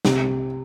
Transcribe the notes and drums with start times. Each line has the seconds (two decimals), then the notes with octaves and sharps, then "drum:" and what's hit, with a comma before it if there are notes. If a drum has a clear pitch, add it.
0.05 C3, drum: snare